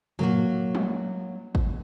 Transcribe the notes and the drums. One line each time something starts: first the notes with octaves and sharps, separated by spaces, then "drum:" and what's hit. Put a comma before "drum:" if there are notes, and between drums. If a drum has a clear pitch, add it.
F#3 A#3 F#4, drum: tom
drum: tom
drum: kick